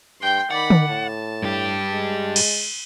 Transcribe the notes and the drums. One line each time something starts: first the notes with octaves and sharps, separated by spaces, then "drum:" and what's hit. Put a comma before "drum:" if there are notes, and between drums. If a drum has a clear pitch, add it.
G2 G5 C6
D#3 D5 F#5 B5
drum: tom D3
A2 A5
G2 G4
G#3
drum: cymbal